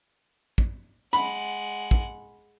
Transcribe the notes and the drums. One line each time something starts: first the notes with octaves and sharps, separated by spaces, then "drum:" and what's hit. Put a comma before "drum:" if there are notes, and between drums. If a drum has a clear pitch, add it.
drum: kick
G#3 F#5 B5, drum: hi-hat
drum: kick